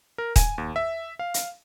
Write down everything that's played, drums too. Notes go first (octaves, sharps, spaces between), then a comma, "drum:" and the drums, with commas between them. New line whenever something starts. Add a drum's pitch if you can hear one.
A#4
G#5, drum: kick D#1, hi-hat
D#2
E5
F5
drum: hi-hat